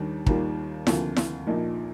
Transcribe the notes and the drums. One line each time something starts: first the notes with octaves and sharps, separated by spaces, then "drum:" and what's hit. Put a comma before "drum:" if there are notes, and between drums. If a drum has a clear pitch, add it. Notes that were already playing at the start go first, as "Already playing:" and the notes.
Already playing: D#2 D#3 G3 D4
D#2 D#3 G3 A#3 F4, drum: kick
D2 C3 F3 A#3 F4, drum: snare E4
drum: snare E4
A#1 A#2 F3 A#3 D#4